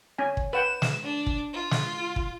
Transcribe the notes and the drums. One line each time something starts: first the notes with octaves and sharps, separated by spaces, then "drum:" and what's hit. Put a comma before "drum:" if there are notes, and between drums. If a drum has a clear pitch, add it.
C#4 G#5
drum: kick
B4 F#5 G5 E7
drum: snare
D4
drum: kick
F4
drum: snare
drum: kick